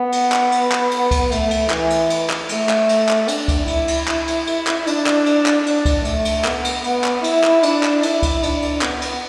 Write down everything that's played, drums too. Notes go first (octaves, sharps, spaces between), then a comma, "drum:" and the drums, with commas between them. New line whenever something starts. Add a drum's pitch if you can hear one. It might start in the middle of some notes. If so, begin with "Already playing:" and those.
Already playing: B3
drum: cymbal
drum: clap
drum: cymbal
drum: clap
drum: cymbal
drum: kick C#2, cymbal
A3, drum: cymbal
drum: cymbal
E3, drum: clap
drum: cymbal
drum: cymbal
drum: clap
A3, drum: cymbal
drum: clap
drum: cymbal
drum: clap
D4, drum: cymbal
drum: kick C#2, cymbal
E4, drum: cymbal
drum: cymbal
drum: clap
drum: cymbal
drum: cymbal
drum: clap
D4, drum: cymbal
drum: clap
drum: cymbal
drum: clap
D4, drum: cymbal
drum: kick C#2, cymbal
A3, drum: cymbal
drum: cymbal
B3, drum: clap
drum: cymbal
B3, drum: cymbal
drum: clap
E4, drum: cymbal
drum: clap
D4, drum: cymbal
drum: clap
E4, drum: cymbal
drum: kick C#2, cymbal
D4, drum: cymbal
drum: cymbal
B3, drum: clap
drum: cymbal